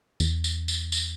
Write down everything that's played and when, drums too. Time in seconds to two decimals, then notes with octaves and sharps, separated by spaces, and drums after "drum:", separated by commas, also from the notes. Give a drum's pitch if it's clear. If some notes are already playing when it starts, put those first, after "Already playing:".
0.20 E2, drum: tambourine
0.44 drum: tambourine
0.68 drum: tambourine
0.92 drum: tambourine